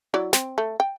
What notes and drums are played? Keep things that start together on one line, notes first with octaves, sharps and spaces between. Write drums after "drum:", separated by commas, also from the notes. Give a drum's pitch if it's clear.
F#3 E4 D5
C4, drum: snare
A3
G5